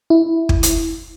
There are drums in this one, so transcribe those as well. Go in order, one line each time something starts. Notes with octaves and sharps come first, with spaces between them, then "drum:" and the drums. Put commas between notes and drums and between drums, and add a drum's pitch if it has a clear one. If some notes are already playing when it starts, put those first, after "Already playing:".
E4
drum: kick
drum: hi-hat